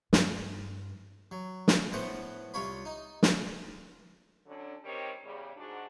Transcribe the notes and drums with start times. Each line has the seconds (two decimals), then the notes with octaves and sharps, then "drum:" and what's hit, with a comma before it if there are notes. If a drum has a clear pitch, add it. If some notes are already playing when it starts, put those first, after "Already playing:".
0.13 G2, drum: snare
1.31 F#3
1.68 drum: snare
1.92 A2 B3 C5 F#5
2.54 C2 F4 C#5 B5
2.85 D#4
3.23 drum: snare
4.47 D3 F#3 C#4 D4
4.85 D#3 G3 C4 G4 C#5 D#5
5.23 E2 C#3 G3
5.56 G#2 D4 F#4